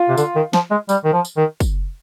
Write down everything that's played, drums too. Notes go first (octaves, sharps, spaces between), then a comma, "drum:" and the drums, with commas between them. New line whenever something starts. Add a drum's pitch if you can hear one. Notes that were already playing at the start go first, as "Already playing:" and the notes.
Already playing: F4
C3
D3, drum: tambourine
D#3
F3, drum: snare
G#3
G3, drum: tambourine
D#3
F3
drum: tambourine
D#3
drum: kick, tambourine